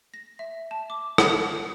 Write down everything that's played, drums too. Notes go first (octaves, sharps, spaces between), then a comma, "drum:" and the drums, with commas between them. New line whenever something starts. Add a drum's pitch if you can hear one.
A#6
E5
A5
D6
B5, drum: rim click